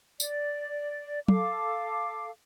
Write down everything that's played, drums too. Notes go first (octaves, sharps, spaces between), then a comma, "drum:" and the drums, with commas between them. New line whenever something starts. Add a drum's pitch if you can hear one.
D5, drum: tambourine
A4 F5 D6, drum: tom